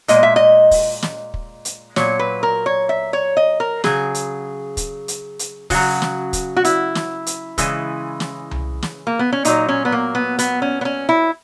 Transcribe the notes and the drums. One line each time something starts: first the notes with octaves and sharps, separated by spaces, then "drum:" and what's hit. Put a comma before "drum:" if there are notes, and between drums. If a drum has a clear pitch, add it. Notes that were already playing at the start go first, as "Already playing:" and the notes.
A#2 G#3 D#5, drum: hi-hat
E5
D#5
drum: kick, open hi-hat
drum: snare
drum: kick
drum: hi-hat
A#2 F#3 C#5, drum: snare
B4
A#4
C#5
E5
C#5
D#5
A#4
C#3 F#3 G#4, drum: snare
drum: hi-hat
drum: kick, hi-hat
drum: hi-hat
drum: hi-hat
C#3 F#3 F#4, drum: kick, open hi-hat
drum: snare
drum: kick, hi-hat
F#4
E4, drum: hi-hat
drum: snare
drum: hi-hat
C#3 E3 G#3, drum: kick, hi-hat
drum: snare
drum: tom C2
drum: snare
A#3
B3
C#4
A#2 F#3 D#4, drum: hi-hat
C#4
B3
A#3
B3
B3, drum: hi-hat
C#4
B3
C#4
E4